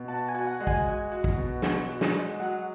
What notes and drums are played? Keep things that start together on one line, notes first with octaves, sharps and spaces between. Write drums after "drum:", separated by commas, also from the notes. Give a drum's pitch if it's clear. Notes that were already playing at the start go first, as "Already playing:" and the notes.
Already playing: B2
F#4 A5
G#5
F#4
F#5
G#3
G#5, drum: kick
F#4
F#4
drum: kick
B2
F#4, drum: snare
F#4
drum: snare
G#3
F#3 F#5